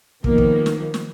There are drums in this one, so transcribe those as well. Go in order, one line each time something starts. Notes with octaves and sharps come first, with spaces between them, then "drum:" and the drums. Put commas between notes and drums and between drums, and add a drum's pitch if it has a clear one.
D#3 F3 A#3 B3, drum: kick
drum: kick
drum: snare
drum: snare